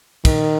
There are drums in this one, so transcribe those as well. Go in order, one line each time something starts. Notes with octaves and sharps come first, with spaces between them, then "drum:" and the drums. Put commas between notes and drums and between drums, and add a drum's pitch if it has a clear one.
D#3, drum: kick, cymbal